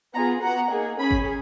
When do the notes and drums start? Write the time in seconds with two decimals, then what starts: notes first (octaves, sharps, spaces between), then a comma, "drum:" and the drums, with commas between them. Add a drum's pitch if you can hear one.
0.14 B3 F4 G#4 F#5 A#5
0.42 B3 F#4 F#5 A#5
0.71 A#3 D#4 G#4
1.00 C#4 G#4 G#5 B5
1.11 drum: kick G#1